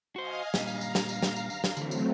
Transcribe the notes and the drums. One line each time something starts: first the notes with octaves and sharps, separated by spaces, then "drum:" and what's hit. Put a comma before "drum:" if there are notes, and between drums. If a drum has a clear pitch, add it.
F#4 C5 D#5 F5 G#5
A#2 G3 F5 A#5, drum: snare
drum: tambourine
drum: tambourine
drum: snare
drum: tambourine
drum: snare
drum: tambourine
drum: tambourine
drum: snare
D3 E3 F#3 A3 C4, drum: tambourine
drum: tambourine